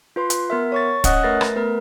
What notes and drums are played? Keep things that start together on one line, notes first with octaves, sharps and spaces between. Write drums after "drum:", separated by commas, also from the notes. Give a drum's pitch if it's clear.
F4 B4 C6
drum: hi-hat
B3 A#4 E5
C#5 C#6 A6
C#4 C#5 D#5 F#5 D#6 F#6, drum: kick, hi-hat
A3 A#4 B4 E5 A6 A#6
drum: rim click
A3 B3 A#4 B4